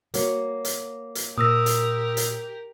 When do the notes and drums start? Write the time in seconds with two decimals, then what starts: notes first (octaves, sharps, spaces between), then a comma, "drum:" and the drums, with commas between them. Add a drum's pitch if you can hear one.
0.14 A#3 F#4 C#5, drum: hi-hat
0.65 drum: hi-hat
1.15 drum: hi-hat
1.38 A#2 G4 A#4 D#6 E6 A#6
1.66 drum: hi-hat
2.17 drum: hi-hat